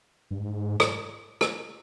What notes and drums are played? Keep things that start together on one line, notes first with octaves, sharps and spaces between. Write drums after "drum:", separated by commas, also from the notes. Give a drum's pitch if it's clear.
G2
G#2
drum: rim click
drum: rim click